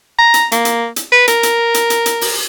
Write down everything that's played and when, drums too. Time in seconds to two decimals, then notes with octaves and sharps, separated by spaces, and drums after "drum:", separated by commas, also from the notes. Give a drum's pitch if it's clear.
0.19 A#5
0.34 drum: hi-hat
0.52 A#3, drum: hi-hat
0.65 drum: hi-hat
0.96 drum: hi-hat
1.12 B4
1.28 A#4, drum: hi-hat
1.43 drum: hi-hat
1.74 drum: hi-hat
1.90 drum: hi-hat
2.06 drum: hi-hat
2.21 drum: open hi-hat